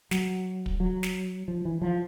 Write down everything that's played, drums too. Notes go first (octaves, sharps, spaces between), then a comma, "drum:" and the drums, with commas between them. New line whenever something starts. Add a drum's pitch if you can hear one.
F#3, drum: snare
drum: kick
F#3
drum: snare
F3
E3
F3